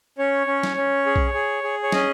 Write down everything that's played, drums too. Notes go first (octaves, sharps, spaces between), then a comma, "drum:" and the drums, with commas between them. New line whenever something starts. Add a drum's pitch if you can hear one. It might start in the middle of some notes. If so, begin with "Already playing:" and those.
C#4 C#5
C#4
drum: snare
C#4
G#4
drum: kick B1
G#4
G#4
C#5
C#4 D#5, drum: snare